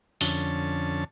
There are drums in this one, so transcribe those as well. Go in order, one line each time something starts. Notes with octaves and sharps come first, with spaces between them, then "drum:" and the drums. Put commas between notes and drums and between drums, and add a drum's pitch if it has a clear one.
F2 D3 C#4 A5, drum: open hi-hat